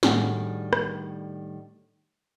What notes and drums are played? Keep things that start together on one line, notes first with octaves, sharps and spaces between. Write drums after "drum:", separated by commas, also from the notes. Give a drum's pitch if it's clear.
A2 D#3 G3 D4 F#4 G#4, drum: snare
drum: rim click